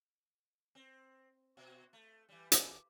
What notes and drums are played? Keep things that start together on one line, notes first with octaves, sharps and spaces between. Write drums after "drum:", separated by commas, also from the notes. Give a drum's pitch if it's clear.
C4
B2 F#4
A3
E3 G3
E3, drum: hi-hat